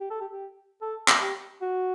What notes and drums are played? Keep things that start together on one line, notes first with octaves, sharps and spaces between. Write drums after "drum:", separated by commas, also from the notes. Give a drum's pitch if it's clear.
G4
A4
G4
G4
A4
drum: clap
G4
F#4